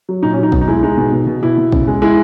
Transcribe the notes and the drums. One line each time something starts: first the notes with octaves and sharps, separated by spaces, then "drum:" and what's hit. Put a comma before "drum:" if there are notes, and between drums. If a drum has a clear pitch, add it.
F#3
A#2 D#4
C#4
F#3
D#4
B2, drum: kick
D#4
G#3 E4
G#3 D#4
B2
B2
B2
B2 E4
B2
C#3, drum: kick
G#3
G#3 E4